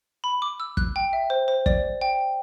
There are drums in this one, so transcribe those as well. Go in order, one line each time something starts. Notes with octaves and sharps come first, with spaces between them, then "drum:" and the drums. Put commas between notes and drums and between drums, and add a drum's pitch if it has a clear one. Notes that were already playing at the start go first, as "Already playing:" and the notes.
B5
D6
E6
F#6, drum: kick
G5
E5
C5
C5
D5, drum: kick
G5